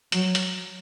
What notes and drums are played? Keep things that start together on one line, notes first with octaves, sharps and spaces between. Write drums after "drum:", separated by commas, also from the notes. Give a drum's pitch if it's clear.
F#3, drum: hi-hat
drum: hi-hat